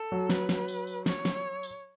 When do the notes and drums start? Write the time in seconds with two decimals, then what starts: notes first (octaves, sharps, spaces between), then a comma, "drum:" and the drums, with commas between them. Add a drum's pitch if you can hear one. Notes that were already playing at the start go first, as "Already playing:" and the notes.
Already playing: A4
0.12 F#3
0.30 B4, drum: snare
0.49 drum: snare
0.68 drum: tambourine
0.87 drum: tambourine
1.06 C#5, drum: snare
1.25 drum: snare
1.63 drum: tambourine